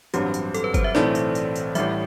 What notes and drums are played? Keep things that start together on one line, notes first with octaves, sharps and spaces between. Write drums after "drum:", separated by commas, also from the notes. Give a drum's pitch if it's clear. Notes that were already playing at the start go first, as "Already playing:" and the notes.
A1 G2 F#3 C4 G4, drum: tambourine
drum: tambourine
A4, drum: tambourine
B4
C5, drum: kick, tambourine
E5
B1 A2 E3 A3 C4 D5, drum: snare
drum: tambourine
drum: tambourine
drum: tambourine
A1 A2 G3 E5, drum: tambourine